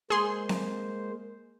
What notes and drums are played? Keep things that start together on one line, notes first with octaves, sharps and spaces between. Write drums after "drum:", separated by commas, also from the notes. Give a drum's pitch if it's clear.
G#3 A#3 G#4 C5 C6
drum: snare C4